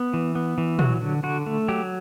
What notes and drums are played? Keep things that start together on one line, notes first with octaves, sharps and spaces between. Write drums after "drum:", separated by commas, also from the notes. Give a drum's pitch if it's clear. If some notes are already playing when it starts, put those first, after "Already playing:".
Already playing: B3
E3
B3
E3
F#3 F#4, drum: tom
D3
D3 F#4
A3
F#3 G4